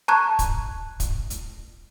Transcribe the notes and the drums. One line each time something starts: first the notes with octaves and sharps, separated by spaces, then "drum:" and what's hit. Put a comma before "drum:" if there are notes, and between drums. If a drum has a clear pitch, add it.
A5 A#5 C#6 F#6 G#6
drum: kick, hi-hat
drum: kick, hi-hat
drum: hi-hat